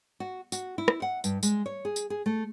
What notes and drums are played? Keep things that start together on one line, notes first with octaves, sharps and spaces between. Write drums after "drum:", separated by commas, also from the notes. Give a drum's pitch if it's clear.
F#4
F#4, drum: tambourine
E4
drum: rim click
F#5
G2, drum: tambourine
G#3, drum: tambourine
C#5
G#4
drum: tambourine
G#4
A3